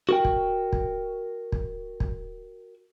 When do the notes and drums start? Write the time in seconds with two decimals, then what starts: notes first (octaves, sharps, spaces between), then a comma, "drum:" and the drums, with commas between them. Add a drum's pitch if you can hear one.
0.09 F#4 A#4 G5
0.25 drum: kick
0.73 drum: kick
1.52 drum: kick
2.00 drum: kick